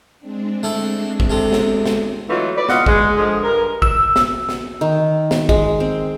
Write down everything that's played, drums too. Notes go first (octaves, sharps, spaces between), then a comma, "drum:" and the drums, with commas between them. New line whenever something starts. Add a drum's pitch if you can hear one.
G#3 C4 D4
A3 E4
drum: kick A1
C3 A3
drum: snare
drum: snare
E3 F#3 A3 D#4 F4
B4 D5
E4 F4 D#5 F5 F#5, drum: snare
G#3, drum: kick A1
D3 F3 G#3
G2 A#4
E6, drum: kick A1
drum: snare
drum: snare
D#3
drum: snare
G#3, drum: kick A1
C4